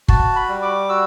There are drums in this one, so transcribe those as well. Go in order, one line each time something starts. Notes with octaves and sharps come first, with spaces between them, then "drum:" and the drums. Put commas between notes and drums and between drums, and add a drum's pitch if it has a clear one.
F#4 A5, drum: kick
B5
G3
D6
F#4 E6